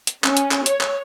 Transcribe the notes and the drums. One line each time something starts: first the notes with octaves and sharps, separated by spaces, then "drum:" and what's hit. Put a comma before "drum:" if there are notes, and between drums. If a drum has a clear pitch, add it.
drum: hi-hat
C#4, drum: clap
drum: hi-hat
drum: clap
C#5, drum: hi-hat
drum: clap